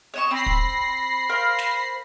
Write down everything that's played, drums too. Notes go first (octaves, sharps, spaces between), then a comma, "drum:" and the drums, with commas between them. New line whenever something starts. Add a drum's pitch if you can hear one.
C#5 D#5 C#6 E7
C4 B5 A#6 C7
drum: kick
A#4 C5 F5
drum: snare